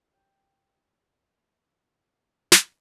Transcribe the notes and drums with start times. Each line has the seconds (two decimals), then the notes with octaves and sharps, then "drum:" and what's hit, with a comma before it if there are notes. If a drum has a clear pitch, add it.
0.10 F4 G4 C#5 G5
2.52 drum: snare